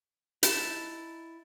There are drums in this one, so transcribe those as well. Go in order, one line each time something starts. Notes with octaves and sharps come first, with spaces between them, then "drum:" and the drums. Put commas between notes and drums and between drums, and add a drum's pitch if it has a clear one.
D#4 E4 A5, drum: hi-hat